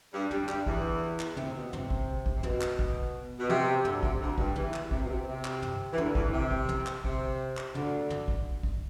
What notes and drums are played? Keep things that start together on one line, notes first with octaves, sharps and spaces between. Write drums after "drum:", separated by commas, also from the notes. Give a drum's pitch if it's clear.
G2 G3
G2 G3, drum: tom
G2 G3, drum: clap
E2 E3, drum: kick
drum: clap
C3, drum: tom
B2
C3, drum: tom
drum: kick
drum: kick
C3
B2, drum: tom
drum: clap
drum: kick
B2
C3, drum: tom
D2 D3, drum: tom
C3, drum: kick
D2 D3
G2 G3, drum: kick
E2 E3, drum: tom
drum: clap
C3, drum: kick
B2
C3
C3
drum: clap
drum: tom
E3
D2 D3, drum: tom
E2 E3, drum: kick
C3
drum: kick
drum: tom
drum: clap
C3, drum: kick
drum: clap
D2 D3, drum: tom
drum: tom
drum: kick
drum: kick